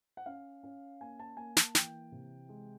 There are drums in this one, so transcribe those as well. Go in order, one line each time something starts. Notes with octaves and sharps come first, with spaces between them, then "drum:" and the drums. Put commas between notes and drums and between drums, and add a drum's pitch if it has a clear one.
F#5
C#4 F5
C#4
A#3 G#5
A5
A#3 G#5
A5, drum: snare
E3 G5, drum: snare
C3
G#3